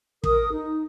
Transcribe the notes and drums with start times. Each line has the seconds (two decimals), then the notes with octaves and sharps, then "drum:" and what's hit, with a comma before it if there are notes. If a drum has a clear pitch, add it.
0.24 A#4 D#6, drum: kick
0.50 D#4